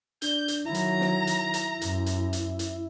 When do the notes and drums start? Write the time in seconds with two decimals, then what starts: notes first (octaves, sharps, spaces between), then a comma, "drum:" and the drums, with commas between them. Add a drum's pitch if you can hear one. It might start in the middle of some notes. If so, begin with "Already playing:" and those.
0.22 D4 G6, drum: hi-hat
0.48 drum: hi-hat
0.65 D#3 F#3 E4 A#5
0.74 drum: hi-hat
1.01 drum: snare
1.27 drum: hi-hat
1.54 drum: hi-hat
1.81 F#2, drum: hi-hat
2.06 drum: hi-hat
2.33 drum: hi-hat
2.59 drum: hi-hat